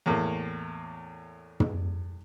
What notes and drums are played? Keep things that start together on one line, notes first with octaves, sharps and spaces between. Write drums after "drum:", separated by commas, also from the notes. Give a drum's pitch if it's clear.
E2 A2 A#3
drum: tom